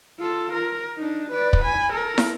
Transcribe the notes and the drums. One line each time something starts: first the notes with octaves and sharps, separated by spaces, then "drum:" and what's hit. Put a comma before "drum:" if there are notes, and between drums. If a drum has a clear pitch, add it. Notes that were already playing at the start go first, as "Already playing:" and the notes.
F4 A4
A#4
D4 D#4
B4 D5
drum: kick
G#5 B5
A4 A#4
drum: snare